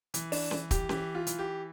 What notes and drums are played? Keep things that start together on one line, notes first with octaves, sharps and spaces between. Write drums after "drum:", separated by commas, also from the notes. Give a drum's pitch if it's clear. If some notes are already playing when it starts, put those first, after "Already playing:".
E3, drum: hi-hat
D4, drum: open hi-hat
E3, drum: snare C#4
G4, drum: kick, hi-hat
E3 G4, drum: snare C#4
F4
E3, drum: hi-hat
G4